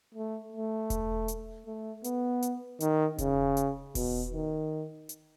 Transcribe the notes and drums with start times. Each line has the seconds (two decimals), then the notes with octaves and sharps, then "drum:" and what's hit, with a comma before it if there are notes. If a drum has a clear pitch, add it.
0.14 A3
0.52 A3
0.90 drum: kick E1, hi-hat
1.28 drum: hi-hat
1.66 A3
2.04 B3, drum: hi-hat
2.42 drum: hi-hat
2.80 D#3, drum: hi-hat
3.18 C#3, drum: kick E1, hi-hat
3.57 drum: hi-hat
3.95 B2, drum: kick E1, open hi-hat
4.33 D#3
5.09 drum: hi-hat